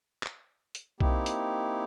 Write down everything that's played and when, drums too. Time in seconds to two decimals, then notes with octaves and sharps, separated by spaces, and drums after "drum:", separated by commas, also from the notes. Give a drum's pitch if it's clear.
0.23 drum: clap
0.75 drum: hi-hat
1.00 A#3 C4 D#4 E4 G4, drum: kick B1
1.26 drum: hi-hat